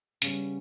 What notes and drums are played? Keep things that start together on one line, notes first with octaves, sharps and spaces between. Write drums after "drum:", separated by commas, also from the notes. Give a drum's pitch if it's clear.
C#3 G3 B3, drum: hi-hat